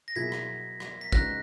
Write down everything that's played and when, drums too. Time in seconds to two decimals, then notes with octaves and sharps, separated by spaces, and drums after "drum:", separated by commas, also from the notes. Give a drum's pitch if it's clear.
0.08 A#6
0.15 B2 F#3 A#3 E4 G#4 G#6 B6
0.32 drum: rim click
0.80 drum: rim click
1.01 B6
1.12 C#3 G#3 D#4 F#4 B4 F#6 A#6, drum: kick